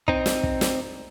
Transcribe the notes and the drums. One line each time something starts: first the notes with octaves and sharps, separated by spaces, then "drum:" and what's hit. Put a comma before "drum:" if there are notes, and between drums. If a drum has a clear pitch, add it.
C4 D#4, drum: kick
drum: snare
drum: kick
drum: snare